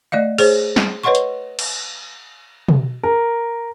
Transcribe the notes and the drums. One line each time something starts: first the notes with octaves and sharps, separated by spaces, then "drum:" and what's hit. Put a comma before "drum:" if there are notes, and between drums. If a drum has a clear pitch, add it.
A3 D5 D#5 F5
G#4 C5 C#5, drum: cymbal
drum: snare
B4 C#5 D#5 F#5 C6 C#6
drum: hi-hat
drum: cymbal
drum: tom
A#4